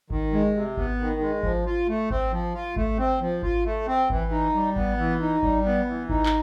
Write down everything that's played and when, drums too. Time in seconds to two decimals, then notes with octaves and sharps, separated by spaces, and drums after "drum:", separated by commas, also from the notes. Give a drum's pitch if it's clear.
0.10 D#3, drum: kick G#1
0.33 G#3
0.54 C3
0.77 B3, drum: kick G#1
1.00 D#3
1.21 G#3
1.43 F3, drum: kick G#1
1.66 F4
1.88 A3
2.10 C4, drum: kick G#1
2.32 F3
2.54 F4
2.76 A3, drum: kick G#1
2.98 C4
3.20 F3
3.43 F4, drum: kick G#1
3.65 A3
3.87 C4
4.10 E3, drum: kick G#1
4.32 D#4
4.54 G3
4.76 B3, drum: kick G#1
4.98 E3
5.21 D#4
5.43 G3, drum: kick G#1
5.65 B3
5.87 E3
6.09 D#4, drum: kick G#1
6.26 drum: clap